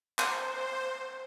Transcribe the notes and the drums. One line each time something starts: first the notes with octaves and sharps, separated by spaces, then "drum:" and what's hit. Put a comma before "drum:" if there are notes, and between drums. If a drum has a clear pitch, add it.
C5, drum: clap